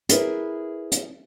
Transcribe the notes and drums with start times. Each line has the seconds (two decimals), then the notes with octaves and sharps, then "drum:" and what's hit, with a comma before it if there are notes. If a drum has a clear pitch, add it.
0.09 E4 G#4 A#4 B4, drum: hi-hat
0.92 drum: hi-hat